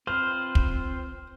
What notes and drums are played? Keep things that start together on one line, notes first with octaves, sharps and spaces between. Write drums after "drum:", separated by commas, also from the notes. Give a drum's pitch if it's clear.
C4 F4 B4 C5 F6
drum: kick